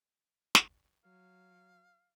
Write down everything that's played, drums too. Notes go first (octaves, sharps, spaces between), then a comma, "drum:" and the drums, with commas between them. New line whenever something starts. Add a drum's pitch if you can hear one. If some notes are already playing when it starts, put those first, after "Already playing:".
drum: snare
F#3 F5